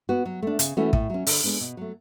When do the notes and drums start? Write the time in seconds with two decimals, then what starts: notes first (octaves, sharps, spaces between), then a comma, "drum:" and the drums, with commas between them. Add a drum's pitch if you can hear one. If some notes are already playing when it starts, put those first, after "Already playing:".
0.09 B3 F#4
0.25 F#3
0.42 A3 D4
0.59 C#3, drum: hi-hat
0.77 E3 A3 C#4 F#4
0.93 A2, drum: kick
1.10 F#3 C#4
1.27 D3, drum: open hi-hat
1.44 G#3 B3 D4
1.61 B2
1.77 F#3 A3